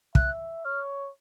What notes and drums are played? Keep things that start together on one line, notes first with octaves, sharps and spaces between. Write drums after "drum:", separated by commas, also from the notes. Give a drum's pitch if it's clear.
E5 F#6, drum: kick
C#5 F6